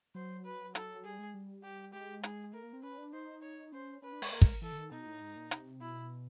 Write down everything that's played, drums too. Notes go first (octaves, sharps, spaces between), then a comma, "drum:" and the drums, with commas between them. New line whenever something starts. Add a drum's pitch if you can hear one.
F#3 C5
B4
A4, drum: hi-hat
G3 G#4
G#3
G3
G4
G#3 G4
G#4, drum: hi-hat
A3 A#4
A#3
C4
C#4 B4
D4
D#4 C5
C#5
C#4 C5
C#4 B4
D4
G#3, drum: open hi-hat
A#3 A#4
G#3, drum: kick
E3 A4
D3
D#3
B2 D#4
A2
G#2
A#2
C3, drum: hi-hat
B2 E4